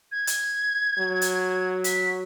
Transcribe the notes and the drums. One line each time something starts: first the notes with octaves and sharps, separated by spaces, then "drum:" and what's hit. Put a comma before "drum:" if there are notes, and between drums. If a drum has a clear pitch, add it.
G#6
drum: hi-hat
F#3
drum: hi-hat
B6, drum: hi-hat